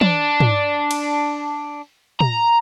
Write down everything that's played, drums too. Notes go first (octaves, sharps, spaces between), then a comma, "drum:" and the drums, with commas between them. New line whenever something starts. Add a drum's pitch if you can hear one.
D4, drum: tom
drum: tom
drum: cymbal
A#5, drum: tom